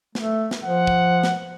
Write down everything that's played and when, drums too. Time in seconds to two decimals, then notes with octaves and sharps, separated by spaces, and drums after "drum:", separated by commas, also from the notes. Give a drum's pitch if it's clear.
0.15 A3, drum: snare
0.51 drum: snare
0.64 F3 F#5
0.87 drum: kick
1.23 drum: snare